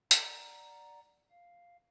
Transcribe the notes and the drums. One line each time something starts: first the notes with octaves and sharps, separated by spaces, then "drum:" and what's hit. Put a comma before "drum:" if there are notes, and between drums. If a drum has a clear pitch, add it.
D5 F#5 A#5, drum: hi-hat
F5